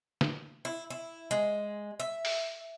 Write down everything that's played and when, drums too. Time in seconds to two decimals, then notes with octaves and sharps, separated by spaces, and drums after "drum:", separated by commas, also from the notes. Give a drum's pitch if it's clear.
0.21 drum: snare
0.65 E4
0.90 E4
1.31 G#3
2.00 E5
2.25 drum: open hi-hat